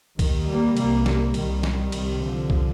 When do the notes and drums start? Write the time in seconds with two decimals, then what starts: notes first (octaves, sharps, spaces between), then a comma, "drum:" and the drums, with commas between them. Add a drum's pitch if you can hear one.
0.19 D#2 D#3, drum: kick C2, cymbal
0.48 G3 A#3
0.77 C2 C3 G3 A#3, drum: cymbal
1.06 G3 A#3, drum: snare
1.34 C2 A#2 D#3 G3, drum: cymbal
1.63 drum: snare
1.92 C2 C3, drum: cymbal
2.21 D3 F3
2.50 drum: kick C2